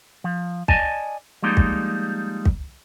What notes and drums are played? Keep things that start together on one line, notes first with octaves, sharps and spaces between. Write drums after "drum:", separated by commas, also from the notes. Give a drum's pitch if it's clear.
F3
D5 D#5 G#5 A5, drum: kick
F3 G3 G#3 A#3 D#4
drum: kick
drum: kick